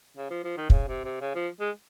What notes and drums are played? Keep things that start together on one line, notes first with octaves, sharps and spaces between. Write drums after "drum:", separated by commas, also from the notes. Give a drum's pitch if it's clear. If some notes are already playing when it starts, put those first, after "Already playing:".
C#3
F3
F3
D#3
C#3, drum: kick
C3
C3
C#3
F3
G#3